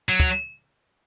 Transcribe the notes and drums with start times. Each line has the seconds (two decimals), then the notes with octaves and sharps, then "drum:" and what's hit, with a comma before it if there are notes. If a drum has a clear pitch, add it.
0.09 F#3
0.20 drum: kick